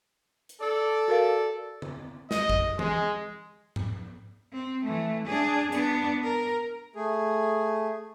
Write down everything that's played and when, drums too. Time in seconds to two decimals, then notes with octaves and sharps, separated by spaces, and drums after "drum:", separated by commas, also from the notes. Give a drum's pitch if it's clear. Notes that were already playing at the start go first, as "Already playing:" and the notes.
0.49 drum: hi-hat
0.61 A4 D5
1.08 F#4 A#4 F5
1.82 drum: tom D3
2.31 D#5, drum: snare
2.50 drum: kick
2.79 G#3, drum: tom E3
3.76 drum: tom G#2
4.53 C4
4.85 E3 A3
5.26 D4 G#4
5.72 B3 D4, drum: hi-hat
6.24 A#4
6.95 A3 G#4